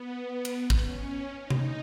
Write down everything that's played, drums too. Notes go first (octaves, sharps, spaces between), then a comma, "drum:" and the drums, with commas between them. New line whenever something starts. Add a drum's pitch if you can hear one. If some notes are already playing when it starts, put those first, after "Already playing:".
Already playing: B3
drum: cymbal
drum: kick
C#4
D#4
drum: tom C3